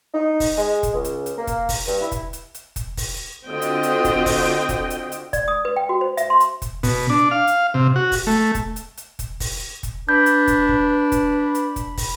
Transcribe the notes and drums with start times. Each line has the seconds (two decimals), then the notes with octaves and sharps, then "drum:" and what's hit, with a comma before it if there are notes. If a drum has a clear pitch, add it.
0.14 D#4
0.40 drum: kick, open hi-hat
0.57 G#3
0.83 drum: kick, hi-hat
0.94 C#2
1.04 drum: hi-hat
1.26 drum: hi-hat
1.38 A#3
1.47 drum: kick, hi-hat
1.69 drum: kick, open hi-hat
1.87 G2
2.00 E4
2.12 drum: kick, hi-hat
2.33 drum: hi-hat
2.54 drum: hi-hat
2.76 drum: kick, hi-hat
2.97 drum: kick, open hi-hat
3.47 D3 C4 F4 F#4 D#5 G5
3.62 drum: hi-hat
3.83 drum: hi-hat
4.04 drum: kick, hi-hat
4.26 drum: kick, open hi-hat
4.69 drum: kick, hi-hat
4.90 drum: hi-hat
5.12 drum: hi-hat
5.33 D5, drum: kick, hi-hat
5.48 D#6
5.65 B4
5.76 G5
5.89 F#4
6.01 C5
6.17 E5, drum: hi-hat
6.30 C6
6.40 drum: hi-hat
6.62 drum: kick, hi-hat
6.83 B2, drum: kick, open hi-hat
7.10 D4
7.31 F5
7.47 drum: hi-hat
7.74 C3
7.96 F#4
8.12 drum: kick, open hi-hat
8.27 A3
8.55 drum: kick, hi-hat
8.76 drum: hi-hat
8.97 drum: hi-hat
9.19 drum: kick, hi-hat
9.40 drum: kick, open hi-hat
9.83 drum: kick, hi-hat
10.09 D4 B4 B5 G6
10.26 drum: hi-hat
10.47 drum: kick, hi-hat
10.69 drum: kick
11.12 drum: kick, hi-hat
11.55 drum: hi-hat
11.76 drum: kick, hi-hat
11.97 drum: kick, open hi-hat